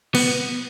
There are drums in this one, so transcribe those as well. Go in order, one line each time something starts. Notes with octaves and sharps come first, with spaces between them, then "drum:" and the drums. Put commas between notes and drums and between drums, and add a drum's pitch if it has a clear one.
B3, drum: cymbal